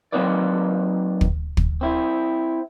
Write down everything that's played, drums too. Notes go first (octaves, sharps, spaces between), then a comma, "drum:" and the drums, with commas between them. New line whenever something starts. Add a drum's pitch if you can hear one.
F#3 A#3 C4 D#4 B4 D5
drum: kick
drum: kick
C4 E4